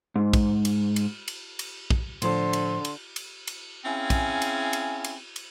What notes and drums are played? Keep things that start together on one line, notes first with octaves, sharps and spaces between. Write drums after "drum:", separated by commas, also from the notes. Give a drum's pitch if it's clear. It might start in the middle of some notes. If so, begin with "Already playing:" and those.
G#2
drum: kick, cymbal
drum: cymbal
drum: cymbal
drum: cymbal
drum: cymbal
drum: kick
A2 D3 F3 C5 C6, drum: cymbal
drum: cymbal
drum: cymbal
drum: cymbal
drum: cymbal
C4 C#4 E4 G#4 F5 G#5
drum: kick, cymbal
drum: cymbal
drum: cymbal
drum: cymbal
drum: cymbal